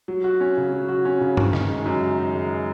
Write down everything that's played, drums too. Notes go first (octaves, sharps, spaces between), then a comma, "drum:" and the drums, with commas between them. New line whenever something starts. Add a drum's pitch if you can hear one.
F#3
F#4
C#4
C#3
F#3
F#4
C#4
C#3
D#3, drum: tom G2
D#4, drum: snare
G#3
F#2
D#3
D#4
G#3